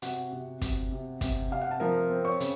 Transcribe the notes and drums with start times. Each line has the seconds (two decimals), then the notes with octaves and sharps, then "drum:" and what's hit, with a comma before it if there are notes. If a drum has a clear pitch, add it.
0.02 C3 F#4 F#5, drum: hi-hat
0.33 C3
0.61 C3, drum: kick, hi-hat
0.92 C3
1.21 C3, drum: kick, hi-hat
1.51 C3 F5
1.61 F#5
1.71 A5
1.80 F3 A#4 A#5
2.10 C4
2.25 C#5 C#6
2.40 C#3, drum: hi-hat